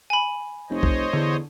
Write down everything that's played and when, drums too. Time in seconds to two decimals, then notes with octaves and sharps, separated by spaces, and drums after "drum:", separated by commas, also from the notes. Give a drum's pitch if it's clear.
0.10 G#5 B5
0.70 F1 C5 C#5 D#5
0.83 drum: kick B1
1.13 E2 D3